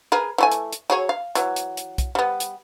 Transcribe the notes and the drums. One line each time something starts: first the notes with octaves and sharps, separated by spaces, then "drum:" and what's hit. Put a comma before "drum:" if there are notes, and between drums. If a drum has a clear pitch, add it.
G#4 A#4 B4
E3 A3 G#5
drum: hi-hat
drum: hi-hat
F#3 G#4 C#5
F5
E3 F#3, drum: hi-hat
drum: hi-hat
drum: hi-hat
drum: kick, hi-hat
G3 B3
drum: hi-hat